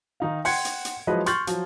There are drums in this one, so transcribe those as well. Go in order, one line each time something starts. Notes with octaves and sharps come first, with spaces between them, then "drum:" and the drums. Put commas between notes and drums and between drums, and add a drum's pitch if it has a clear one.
D#3 D#4 F5
F#5 G5 C6 G#6 C#7, drum: open hi-hat
drum: hi-hat
drum: hi-hat
F3 F#3 G#3 E4 B4 D#5
C6 C#6 F6 G6 A6 F#7, drum: hi-hat
F3 F#3, drum: hi-hat